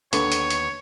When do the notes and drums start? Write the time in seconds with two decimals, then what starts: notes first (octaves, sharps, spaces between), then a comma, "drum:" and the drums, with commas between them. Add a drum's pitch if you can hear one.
0.13 D#2 D3 B3 C#5 C#6, drum: hi-hat
0.32 drum: hi-hat
0.50 drum: hi-hat